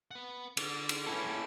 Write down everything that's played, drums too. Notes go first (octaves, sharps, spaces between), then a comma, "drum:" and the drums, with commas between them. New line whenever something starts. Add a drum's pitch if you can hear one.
B4 F#5
D3, drum: cymbal
drum: cymbal
D3 C#4 E4 A4 B4
A#3 G4